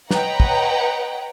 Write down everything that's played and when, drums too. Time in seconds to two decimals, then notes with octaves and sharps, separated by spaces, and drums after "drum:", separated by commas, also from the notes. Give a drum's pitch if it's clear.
0.11 B4 C#5 D#5 F#5 G5 A#5, drum: snare
0.40 drum: kick